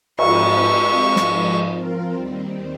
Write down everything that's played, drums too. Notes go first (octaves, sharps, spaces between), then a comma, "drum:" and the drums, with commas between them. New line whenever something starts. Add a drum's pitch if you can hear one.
G#2 F3 C4 D#4 C#6, drum: cymbal
G#3 C4 G4
G#2 F3 G#3 D#4, drum: snare
F3 C4 F4 A#4
D#2 D#3 G3 C4